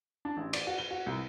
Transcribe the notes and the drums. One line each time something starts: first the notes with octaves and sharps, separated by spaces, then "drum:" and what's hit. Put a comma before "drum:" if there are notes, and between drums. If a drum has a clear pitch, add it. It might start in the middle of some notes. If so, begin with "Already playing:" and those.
D4
A1
D5, drum: cymbal
F#4
G7
F#4
C2